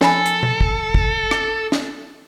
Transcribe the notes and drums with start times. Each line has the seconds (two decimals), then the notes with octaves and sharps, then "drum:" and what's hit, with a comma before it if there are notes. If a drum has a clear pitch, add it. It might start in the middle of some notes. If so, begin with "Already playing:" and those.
0.01 F3 A4 G#5 B5, drum: snare
0.26 drum: hi-hat
0.43 drum: tom B2
0.61 drum: kick
0.94 drum: kick
1.31 drum: rim click
1.72 drum: snare